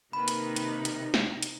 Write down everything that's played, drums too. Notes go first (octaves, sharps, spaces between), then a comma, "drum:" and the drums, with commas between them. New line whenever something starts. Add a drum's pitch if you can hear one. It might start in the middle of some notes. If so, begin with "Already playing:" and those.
C3 D#3 A#3 D#4 B4 B5
drum: hi-hat
drum: hi-hat
drum: hi-hat
drum: snare
drum: hi-hat